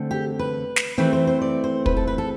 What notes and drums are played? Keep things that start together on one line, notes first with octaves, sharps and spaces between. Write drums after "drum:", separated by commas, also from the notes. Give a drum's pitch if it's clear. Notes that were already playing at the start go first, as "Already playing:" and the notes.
Already playing: D3 A3 C4
G4
B4
drum: snare
E3 A3 C4 B4
C5
C5
D5
C5
B4, drum: kick
A4
B4
A4